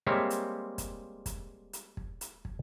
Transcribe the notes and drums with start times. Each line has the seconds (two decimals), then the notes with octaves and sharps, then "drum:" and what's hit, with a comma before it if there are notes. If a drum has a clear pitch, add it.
0.07 G3 G#3 A#3 C4 C#5 E5
0.30 drum: hi-hat
0.78 drum: kick, hi-hat
1.26 drum: kick, hi-hat
1.73 drum: hi-hat
1.97 drum: kick
2.21 drum: hi-hat
2.45 drum: kick